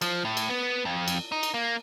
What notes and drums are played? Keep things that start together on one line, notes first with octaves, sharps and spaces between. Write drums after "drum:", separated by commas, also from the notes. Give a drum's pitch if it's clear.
F3, drum: cymbal
A2
drum: cymbal
B3
F2
drum: cymbal
D#4
drum: cymbal
A#3